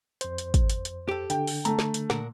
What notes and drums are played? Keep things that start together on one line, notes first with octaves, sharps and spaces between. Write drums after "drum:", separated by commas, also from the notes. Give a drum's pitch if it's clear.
F2 C5, drum: hi-hat
drum: hi-hat
drum: kick, hi-hat
drum: hi-hat
drum: hi-hat
G4 A4
D3 G5, drum: hi-hat
drum: open hi-hat
A3 A#5, drum: hi-hat
drum: snare
drum: hi-hat
A#2 A#4 F#5, drum: snare